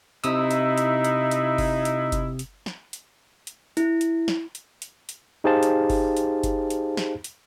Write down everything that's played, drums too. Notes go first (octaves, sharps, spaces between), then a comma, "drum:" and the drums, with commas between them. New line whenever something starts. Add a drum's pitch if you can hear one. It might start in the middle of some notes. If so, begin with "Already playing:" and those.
C3 D#4 E4 D#6 E6, drum: hi-hat
drum: hi-hat
drum: hi-hat
drum: hi-hat
drum: hi-hat
drum: kick G1, open hi-hat
drum: hi-hat
drum: kick G1, hi-hat
drum: hi-hat
drum: snare
drum: hi-hat
drum: hi-hat
E4, drum: hi-hat
drum: hi-hat
drum: snare
drum: hi-hat
drum: hi-hat
drum: hi-hat
D#4 G4 G#4 C5 F5 A5
drum: hi-hat
drum: kick G1, open hi-hat
drum: hi-hat
drum: kick G1, hi-hat
drum: hi-hat
drum: snare
drum: hi-hat